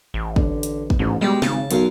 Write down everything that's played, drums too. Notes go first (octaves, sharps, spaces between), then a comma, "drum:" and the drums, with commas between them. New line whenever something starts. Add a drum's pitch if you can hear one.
A1
D3, drum: kick
drum: hi-hat
drum: kick
A1 G#2
B2 G3 G#3 G4
G#1 C#3 A5, drum: snare
B1 F#2 F5, drum: hi-hat